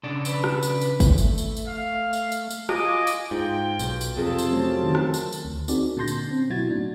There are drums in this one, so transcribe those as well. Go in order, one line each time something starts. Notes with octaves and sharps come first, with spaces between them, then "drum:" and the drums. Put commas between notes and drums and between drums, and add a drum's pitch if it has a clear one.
C#3 D4
B4, drum: tambourine
drum: rim click
drum: tambourine
drum: tambourine
drum: kick, tambourine
A3, drum: tambourine
drum: tambourine
drum: tambourine
F5
drum: tambourine
drum: tambourine
drum: tambourine
F4 D#5 G#5 D6, drum: rim click
drum: tambourine
G#2 F4 G5
B1, drum: tambourine
drum: tambourine
F2 C3 C4 F4 G#4 A4 A5
drum: tambourine
F#3 A3 C#4
D#3
drum: rim click
drum: tambourine
drum: tambourine
D2
C4 D#4 F#4 G#4 A#4 D5, drum: tambourine
A#2 D3 A5 C6 G6 A#6
drum: tambourine
C4 C#4
B2 F#3 E4 F#4 G#6 A6
A2 D4 D#4